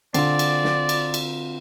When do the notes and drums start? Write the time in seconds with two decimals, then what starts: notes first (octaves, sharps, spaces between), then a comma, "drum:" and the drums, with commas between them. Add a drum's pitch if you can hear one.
0.14 D3 C4 F4 D5, drum: cymbal
0.39 drum: cymbal
0.64 drum: snare
0.89 drum: cymbal
1.14 drum: cymbal